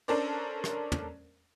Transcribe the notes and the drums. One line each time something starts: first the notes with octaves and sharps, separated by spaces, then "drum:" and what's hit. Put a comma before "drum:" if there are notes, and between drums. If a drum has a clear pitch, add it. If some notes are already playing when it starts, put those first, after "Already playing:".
C#4 D4 A4 A#4 C5 D5
drum: rim click
drum: tom